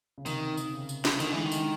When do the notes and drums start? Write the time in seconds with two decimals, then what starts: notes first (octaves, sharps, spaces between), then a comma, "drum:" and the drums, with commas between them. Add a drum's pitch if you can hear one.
0.18 C#3
0.26 C3 D#3, drum: tambourine
0.57 drum: tambourine
0.74 C#3
0.89 drum: tambourine
1.05 drum: snare
1.20 D3 D#3, drum: tambourine
1.32 E3 G#3
1.44 D#3
1.52 G#3, drum: tambourine